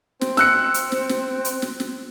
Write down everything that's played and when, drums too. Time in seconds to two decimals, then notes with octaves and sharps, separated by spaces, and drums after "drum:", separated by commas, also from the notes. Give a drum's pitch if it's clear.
0.21 C4, drum: snare
0.37 E6 F#6 C#7, drum: snare
0.74 drum: hi-hat
0.92 drum: snare
1.09 drum: snare
1.45 drum: hi-hat
1.62 drum: snare
1.80 drum: snare